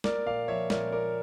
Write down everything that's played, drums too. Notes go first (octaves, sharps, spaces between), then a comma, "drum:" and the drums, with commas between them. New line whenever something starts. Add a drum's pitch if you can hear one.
A#3 A#4 D5, drum: snare
A#2 D5 F5
F3 C#5 E5
A#2 A#4 D5, drum: snare
A#3 A#4 D5